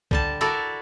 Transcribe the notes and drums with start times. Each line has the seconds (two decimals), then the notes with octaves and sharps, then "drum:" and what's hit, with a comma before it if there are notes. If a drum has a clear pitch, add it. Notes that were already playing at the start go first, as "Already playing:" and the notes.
0.11 D3 G3 A5, drum: kick C2
0.41 E4 F#4 A4 A#4 D5 E5